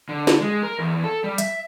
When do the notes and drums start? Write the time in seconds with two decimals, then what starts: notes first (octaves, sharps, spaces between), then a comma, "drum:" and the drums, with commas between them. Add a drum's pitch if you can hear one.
0.09 D3
0.27 drum: snare
0.41 G#3
0.63 A#4
0.79 E2
1.04 A4
1.24 G3
1.38 E5, drum: hi-hat